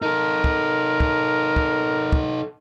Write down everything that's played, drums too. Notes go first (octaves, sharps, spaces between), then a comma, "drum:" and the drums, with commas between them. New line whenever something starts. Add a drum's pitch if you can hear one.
D#4 A4 A#4
drum: kick
drum: kick
drum: kick
drum: kick